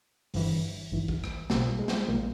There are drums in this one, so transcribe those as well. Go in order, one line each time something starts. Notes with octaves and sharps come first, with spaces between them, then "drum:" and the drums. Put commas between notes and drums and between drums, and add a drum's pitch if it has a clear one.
G1 G2 E3, drum: open hi-hat
G#1 G2 E3
drum: kick
drum: rim click
B1 B2 G3 A#3, drum: snare
G#3
G3, drum: snare
G#3
A#1 A#2 G3 A#3